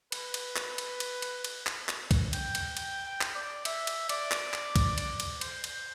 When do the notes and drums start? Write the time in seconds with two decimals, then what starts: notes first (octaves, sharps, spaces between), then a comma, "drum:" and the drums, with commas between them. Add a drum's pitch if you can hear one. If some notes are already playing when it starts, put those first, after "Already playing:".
0.12 B4, drum: cymbal
0.34 drum: cymbal
0.56 drum: clap
0.78 drum: cymbal
1.00 drum: cymbal
1.22 drum: cymbal
1.44 drum: cymbal
1.67 drum: clap
1.89 drum: clap
2.11 drum: kick, cymbal
2.33 G5, drum: cymbal
2.55 drum: cymbal
2.77 G5, drum: cymbal
3.06 G5
3.21 drum: clap
3.35 D5
3.65 E5, drum: cymbal
3.87 drum: cymbal
4.09 D5, drum: cymbal
4.31 drum: clap
4.53 drum: clap
4.76 drum: kick, cymbal
4.98 drum: cymbal
5.20 drum: cymbal
5.41 C5, drum: cymbal
5.64 drum: cymbal